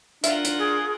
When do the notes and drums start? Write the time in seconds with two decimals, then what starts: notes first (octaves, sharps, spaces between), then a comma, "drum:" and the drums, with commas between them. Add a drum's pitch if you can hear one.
0.24 D4 F4 A#4 E5 F#5, drum: hi-hat
0.45 drum: hi-hat
0.59 G#4